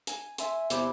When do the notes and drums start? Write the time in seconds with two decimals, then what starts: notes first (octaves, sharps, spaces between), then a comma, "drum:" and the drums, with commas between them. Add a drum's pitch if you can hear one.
0.07 G#5, drum: hi-hat
0.38 E5 G#5 C6, drum: hi-hat
0.70 E2 C3 E4 C5 B5 D6, drum: hi-hat